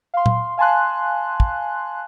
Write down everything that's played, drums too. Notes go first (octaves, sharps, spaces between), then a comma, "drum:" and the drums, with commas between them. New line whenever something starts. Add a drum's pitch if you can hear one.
F5 C6
drum: tom A#2
F5 G#5 A5 C6 F#6
drum: kick